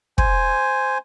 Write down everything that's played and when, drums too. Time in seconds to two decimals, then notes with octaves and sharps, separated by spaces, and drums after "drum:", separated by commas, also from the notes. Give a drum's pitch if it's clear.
0.18 C5 G#5, drum: kick